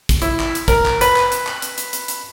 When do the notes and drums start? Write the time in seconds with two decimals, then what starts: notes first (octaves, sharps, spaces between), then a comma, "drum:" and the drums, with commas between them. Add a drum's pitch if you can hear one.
0.09 drum: kick, hi-hat
0.22 E4, drum: hi-hat
0.40 drum: clap
0.55 drum: hi-hat
0.68 A#4, drum: kick, hi-hat
0.86 drum: clap
1.01 B4, drum: hi-hat
1.16 drum: clap
1.32 drum: hi-hat
1.47 drum: clap
1.62 drum: hi-hat
1.78 drum: hi-hat
1.93 drum: hi-hat
2.08 drum: hi-hat